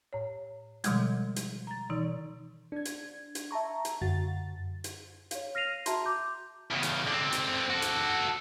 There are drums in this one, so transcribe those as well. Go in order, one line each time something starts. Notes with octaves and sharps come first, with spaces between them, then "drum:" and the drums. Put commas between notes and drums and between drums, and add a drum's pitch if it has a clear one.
A2 C#5
B2 D3 D#3 F3 G3 G#3, drum: hi-hat
drum: hi-hat
A#5 A6
B2 D#3 E3 D#4
D4 G#6
drum: hi-hat
drum: hi-hat
E5 A5 A#5 C#6
drum: hi-hat
F#2 D3 F#4 A6
drum: hi-hat
C#5 F5, drum: hi-hat
F6 A#6 C7 D#7 F7
F#4 E5 A5 A#5 C6, drum: hi-hat
D6 G6
E2 C#3
drum: hi-hat
D3 C4
drum: hi-hat
F#4 A4
drum: hi-hat